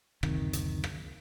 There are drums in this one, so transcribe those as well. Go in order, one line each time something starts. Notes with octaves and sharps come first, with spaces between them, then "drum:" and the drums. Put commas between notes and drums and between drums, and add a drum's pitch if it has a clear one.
F#1 D2 C3 D#3, drum: rim click
drum: hi-hat
drum: rim click